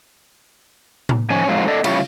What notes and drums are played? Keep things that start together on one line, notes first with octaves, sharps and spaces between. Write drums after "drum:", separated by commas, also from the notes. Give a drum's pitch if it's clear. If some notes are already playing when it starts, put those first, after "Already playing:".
drum: tom A2
D#3 F3 C#4 C#5 G#5
F2 G#2 F#3 F4
D4 A4 D5 D#5
C#3 G3 E4 F4 C#5, drum: cymbal